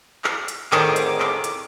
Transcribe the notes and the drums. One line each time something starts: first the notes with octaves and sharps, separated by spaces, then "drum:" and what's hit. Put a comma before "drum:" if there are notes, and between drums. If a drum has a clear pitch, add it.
drum: clap
drum: hi-hat
F2 A2 D3 D#3 C4 D#4 G#4 D6, drum: clap
drum: hi-hat
drum: clap
drum: hi-hat